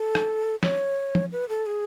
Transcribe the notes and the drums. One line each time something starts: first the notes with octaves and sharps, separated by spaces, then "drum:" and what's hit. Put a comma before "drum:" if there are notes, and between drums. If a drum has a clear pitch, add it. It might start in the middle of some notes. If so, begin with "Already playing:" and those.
Already playing: A4
drum: rim click
C#5, drum: snare
drum: tom F3
B4
A4
G#4